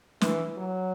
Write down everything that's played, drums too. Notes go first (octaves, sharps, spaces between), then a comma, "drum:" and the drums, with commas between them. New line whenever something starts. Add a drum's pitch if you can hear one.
E3, drum: snare
F#3